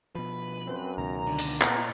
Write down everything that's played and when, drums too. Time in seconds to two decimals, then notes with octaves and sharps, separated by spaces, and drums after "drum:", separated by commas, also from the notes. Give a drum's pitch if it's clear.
0.15 B2 F3 B4
0.67 F#2 C4
0.98 C#2 B2 D#3 A#5
1.26 D3
1.39 drum: hi-hat
1.61 A#2 B3, drum: clap